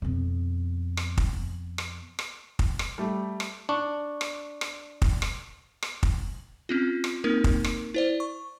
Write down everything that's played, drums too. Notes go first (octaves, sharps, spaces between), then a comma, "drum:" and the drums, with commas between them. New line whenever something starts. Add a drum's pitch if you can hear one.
F2 B2
drum: rim click
drum: kick
drum: rim click
drum: rim click
drum: kick
drum: rim click
G3 A3
drum: rim click
D4 C#6
drum: rim click
drum: rim click
drum: kick
drum: rim click
drum: rim click
drum: kick
C4 C#4 F4
drum: rim click
A#3 C4 D#4 A#4
drum: kick
drum: rim click
E4 C5 D5
C#6